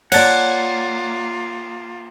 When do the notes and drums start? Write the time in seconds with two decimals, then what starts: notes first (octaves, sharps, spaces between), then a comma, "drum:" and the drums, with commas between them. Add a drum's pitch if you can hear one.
0.12 A#3 F4 C#5 D5 F#5 A5, drum: cymbal